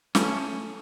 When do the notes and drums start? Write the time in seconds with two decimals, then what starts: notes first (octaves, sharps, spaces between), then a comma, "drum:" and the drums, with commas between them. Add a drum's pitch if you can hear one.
0.15 A3 C#4, drum: snare